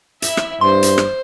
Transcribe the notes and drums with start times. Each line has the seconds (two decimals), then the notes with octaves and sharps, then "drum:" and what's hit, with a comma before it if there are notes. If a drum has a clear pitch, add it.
0.22 E4 E5, drum: hi-hat
0.37 drum: rim click
0.61 G2 C5 C6
0.83 drum: hi-hat
0.98 drum: rim click